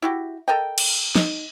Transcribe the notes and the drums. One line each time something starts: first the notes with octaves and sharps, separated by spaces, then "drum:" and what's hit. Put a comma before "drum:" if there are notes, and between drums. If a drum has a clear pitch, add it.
E4 F#4 G4
A4 A#4 D#5 G5
drum: cymbal
D#4, drum: snare